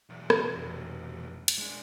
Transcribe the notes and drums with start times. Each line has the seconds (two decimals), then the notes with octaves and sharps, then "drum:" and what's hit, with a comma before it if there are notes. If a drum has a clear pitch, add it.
0.10 B1 E2
0.30 drum: rim click
0.54 F1
1.48 drum: hi-hat
1.58 G#3 D4